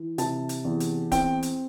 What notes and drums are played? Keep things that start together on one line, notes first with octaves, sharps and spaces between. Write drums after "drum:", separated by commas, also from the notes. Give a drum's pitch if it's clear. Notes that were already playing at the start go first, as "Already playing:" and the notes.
Already playing: E3
C3 A5, drum: hi-hat
drum: hi-hat
E2
drum: hi-hat
C4 G5, drum: kick D1, hi-hat
drum: hi-hat